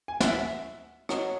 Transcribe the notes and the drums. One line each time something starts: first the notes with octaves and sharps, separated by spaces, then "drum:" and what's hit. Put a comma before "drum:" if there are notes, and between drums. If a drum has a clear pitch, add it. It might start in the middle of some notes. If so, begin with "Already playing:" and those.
G#5
F#5, drum: snare
E5
F#3 D#5, drum: rim click